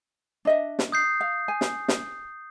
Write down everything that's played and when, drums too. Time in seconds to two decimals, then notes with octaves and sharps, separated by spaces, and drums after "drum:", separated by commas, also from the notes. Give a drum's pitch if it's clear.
0.45 D4 D#5 E5
0.79 drum: snare
0.92 D#6 G6 C7
1.21 F5
1.48 G#5
1.61 drum: snare
1.88 drum: snare